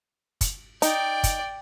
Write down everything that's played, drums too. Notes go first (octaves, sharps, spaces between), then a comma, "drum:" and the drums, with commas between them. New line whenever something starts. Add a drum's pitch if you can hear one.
drum: kick, hi-hat
D#4 D5 G5, drum: hi-hat
drum: kick, hi-hat